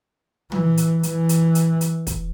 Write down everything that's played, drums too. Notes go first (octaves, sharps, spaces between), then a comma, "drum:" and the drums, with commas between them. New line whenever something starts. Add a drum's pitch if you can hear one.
E3, drum: tom
drum: hi-hat
E3, drum: hi-hat
drum: hi-hat
drum: hi-hat
drum: hi-hat
drum: kick, hi-hat